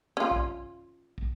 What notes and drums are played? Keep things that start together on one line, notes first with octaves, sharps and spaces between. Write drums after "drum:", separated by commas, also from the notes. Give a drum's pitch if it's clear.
C#4 F4
drum: kick
drum: kick